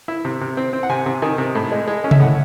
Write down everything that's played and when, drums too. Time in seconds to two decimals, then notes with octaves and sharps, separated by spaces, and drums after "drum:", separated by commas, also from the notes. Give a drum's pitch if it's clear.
0.08 E4
0.25 C3
0.41 C3
0.57 C4
0.73 C4
0.83 F#5
0.89 C3 G#5
1.06 C3
1.22 D#3 G#5
1.38 C3
1.55 A2
1.72 G#3
1.87 G#3
2.04 C#4
2.11 E5, drum: tom C3
2.20 A2 F#5